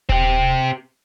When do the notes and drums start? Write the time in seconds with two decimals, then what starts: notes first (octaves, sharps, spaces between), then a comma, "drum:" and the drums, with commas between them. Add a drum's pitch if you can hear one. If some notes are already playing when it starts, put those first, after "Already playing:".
0.09 C4 G4, drum: kick D#1